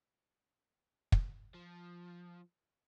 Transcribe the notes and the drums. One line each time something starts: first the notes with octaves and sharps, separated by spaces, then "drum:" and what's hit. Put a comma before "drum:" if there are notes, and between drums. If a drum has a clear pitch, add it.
drum: kick
F3